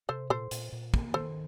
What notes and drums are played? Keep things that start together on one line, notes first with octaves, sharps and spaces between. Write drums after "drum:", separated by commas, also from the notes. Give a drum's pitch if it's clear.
C3 A4 C5
A#2 A4 C5
A#2, drum: hi-hat
A#2
A#3, drum: kick
D#3 A4 C5